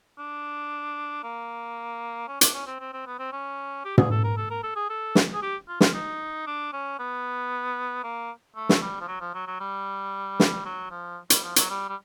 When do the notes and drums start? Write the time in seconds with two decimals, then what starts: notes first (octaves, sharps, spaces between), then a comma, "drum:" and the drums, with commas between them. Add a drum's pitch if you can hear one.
0.18 D4
1.23 A#3
2.28 C#4
2.41 D4, drum: hi-hat
2.54 C#4
2.67 C4
2.80 C4
2.93 C4
3.07 B3
3.19 C4
3.32 C#4
3.85 G4
3.98 G#4, drum: tom
4.11 A4
4.24 A#4
4.37 A4
4.50 A#4
4.63 A4
4.76 G#4
4.90 A4
5.15 drum: snare
5.33 G#4
5.42 G4
5.68 F4
5.81 F4, drum: snare
5.94 D#4
6.47 D4
6.73 C#4
6.99 B3
8.04 A#3
8.56 A3
8.69 drum: snare
8.82 G3
9.00 F3
9.08 F#3
9.21 F3
9.34 F#3
9.47 F#3
9.60 G3
10.40 drum: snare
10.65 F#3
10.91 F3
11.30 G3, drum: hi-hat
11.43 F3
11.56 F#3, drum: hi-hat
11.70 G3
11.89 G3